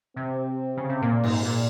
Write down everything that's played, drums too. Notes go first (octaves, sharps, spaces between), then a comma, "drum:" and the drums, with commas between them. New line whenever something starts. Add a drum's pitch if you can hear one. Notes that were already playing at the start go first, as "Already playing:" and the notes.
C3 C4
C#3
C3
A#2 A#3
G#2, drum: cymbal
A#2